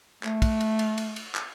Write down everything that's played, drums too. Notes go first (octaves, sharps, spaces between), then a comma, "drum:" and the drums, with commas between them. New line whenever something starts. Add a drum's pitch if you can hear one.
A3, drum: clap
drum: kick, cymbal
drum: cymbal
drum: cymbal
drum: cymbal
drum: cymbal
drum: clap